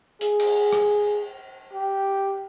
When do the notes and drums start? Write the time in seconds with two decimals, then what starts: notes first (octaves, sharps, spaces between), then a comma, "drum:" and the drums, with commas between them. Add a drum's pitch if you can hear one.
0.21 G#4, drum: hi-hat
0.40 drum: cymbal
0.73 drum: rim click
1.73 G4